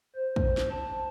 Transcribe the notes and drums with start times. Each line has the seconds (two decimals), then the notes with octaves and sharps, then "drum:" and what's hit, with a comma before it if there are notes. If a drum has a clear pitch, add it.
0.16 C5
0.36 drum: kick
0.57 drum: snare
0.71 A5